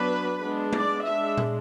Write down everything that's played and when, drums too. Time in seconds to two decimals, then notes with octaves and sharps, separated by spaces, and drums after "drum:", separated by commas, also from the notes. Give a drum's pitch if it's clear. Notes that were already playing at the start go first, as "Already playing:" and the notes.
Already playing: F#3 B3 D4 B4
0.40 G#3 B3 D4
0.73 D5, drum: tom G#3
1.05 G#3 D4 E5
1.37 drum: tom A#2